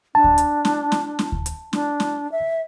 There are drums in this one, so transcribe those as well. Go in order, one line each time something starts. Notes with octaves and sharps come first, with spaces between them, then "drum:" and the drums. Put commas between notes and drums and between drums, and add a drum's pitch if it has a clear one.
D4 A5
drum: kick D2
drum: hi-hat
drum: snare
drum: snare
drum: snare
drum: kick D2
drum: hi-hat
D4, drum: snare
drum: snare
E5